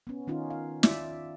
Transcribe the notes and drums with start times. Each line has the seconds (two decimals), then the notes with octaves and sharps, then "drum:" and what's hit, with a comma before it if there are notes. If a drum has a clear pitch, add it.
0.07 B3 C#4
0.27 D#3 C#4 D#4 F4
0.50 F5
0.83 F4 D5 E5, drum: snare